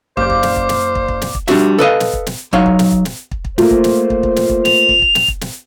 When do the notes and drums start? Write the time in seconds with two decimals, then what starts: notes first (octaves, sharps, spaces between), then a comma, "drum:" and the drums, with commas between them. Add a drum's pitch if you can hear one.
0.17 F#1 C5 D5 F5 D6 G6, drum: kick
0.30 drum: kick
0.43 drum: snare
0.56 drum: kick
0.69 drum: snare
0.95 drum: kick
1.08 drum: kick
1.22 drum: snare
1.35 drum: kick
1.48 G3 D4 F#4 E5, drum: snare
1.78 A4 B4 D#5 F5
2.00 drum: snare
2.13 drum: kick
2.26 drum: snare
2.53 F#3 D#4 C#5 F5, drum: kick
2.66 drum: kick
2.79 drum: snare
2.92 drum: kick
3.05 drum: snare
3.31 drum: kick
3.45 drum: kick
3.58 A3 A#3 F4 C5, drum: snare
3.71 drum: kick
3.84 drum: snare
4.10 drum: kick
4.23 drum: kick
4.36 drum: snare
4.50 drum: kick
4.65 F7, drum: snare
4.89 drum: kick
5.02 drum: kick
5.15 drum: snare
5.28 drum: kick
5.41 drum: snare